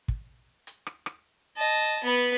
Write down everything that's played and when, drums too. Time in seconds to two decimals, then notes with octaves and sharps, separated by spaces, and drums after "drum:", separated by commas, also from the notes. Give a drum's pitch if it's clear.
0.08 drum: kick
0.67 drum: hi-hat
0.87 drum: rim click
1.06 drum: rim click
1.57 D#5 A5
1.84 drum: hi-hat
2.04 B3 B4